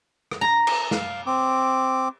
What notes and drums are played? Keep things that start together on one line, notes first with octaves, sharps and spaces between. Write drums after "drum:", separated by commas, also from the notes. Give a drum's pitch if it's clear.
drum: rim click
A#5
drum: cymbal
F5, drum: snare
C4 D6